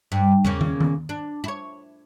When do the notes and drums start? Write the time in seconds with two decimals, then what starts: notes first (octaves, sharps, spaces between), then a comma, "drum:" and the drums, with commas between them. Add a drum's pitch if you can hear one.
0.12 G2
0.45 C#3 A#3 C#4, drum: tom
0.61 drum: tom
0.80 drum: tom D#3
1.09 D4
1.44 E4 C#5